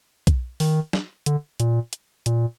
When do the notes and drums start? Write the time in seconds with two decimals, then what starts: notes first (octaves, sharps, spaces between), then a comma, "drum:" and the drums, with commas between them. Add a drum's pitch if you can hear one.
0.27 drum: kick B1, hi-hat
0.60 D#3, drum: open hi-hat
0.93 drum: snare
1.26 D3, drum: hi-hat
1.60 A#2, drum: hi-hat
1.93 drum: hi-hat
2.26 A#2, drum: hi-hat